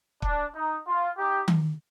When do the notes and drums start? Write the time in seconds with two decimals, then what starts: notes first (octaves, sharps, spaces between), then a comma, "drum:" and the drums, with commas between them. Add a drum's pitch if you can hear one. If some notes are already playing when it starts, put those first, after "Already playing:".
0.22 D4, drum: kick
0.54 D#4
0.86 F4
1.18 D#4 G4
1.48 drum: tom D#3